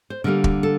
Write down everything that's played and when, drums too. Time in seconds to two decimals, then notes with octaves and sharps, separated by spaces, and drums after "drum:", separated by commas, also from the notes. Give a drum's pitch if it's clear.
0.10 C5
0.24 D3 G3 A#3 A#4
0.44 drum: kick
0.63 A4